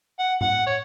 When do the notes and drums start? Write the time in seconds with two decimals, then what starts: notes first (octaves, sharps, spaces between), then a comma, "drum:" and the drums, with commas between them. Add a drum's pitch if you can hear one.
0.19 F#5
0.41 F#5, drum: tom A2
0.67 C#5